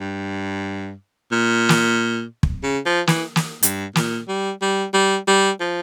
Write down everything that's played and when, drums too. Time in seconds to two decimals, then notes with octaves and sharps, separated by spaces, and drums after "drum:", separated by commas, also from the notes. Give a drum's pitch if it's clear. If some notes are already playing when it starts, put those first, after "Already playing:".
0.01 G2
1.32 A#2
1.69 drum: snare
2.43 drum: kick
2.63 C#3
2.86 F3
3.07 E3, drum: snare
3.36 drum: snare
3.63 G2, drum: hi-hat
3.95 A#2, drum: snare
4.28 G3
4.62 G3
4.94 G3
5.28 G3
5.60 F3